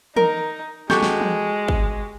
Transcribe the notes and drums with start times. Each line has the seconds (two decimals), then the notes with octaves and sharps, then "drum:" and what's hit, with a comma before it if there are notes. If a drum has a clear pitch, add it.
0.16 D#4 A#4, drum: tom
0.90 G#3 F#4 G4 A4 C#6 G6, drum: snare
1.03 drum: snare
1.21 drum: tom
1.68 drum: kick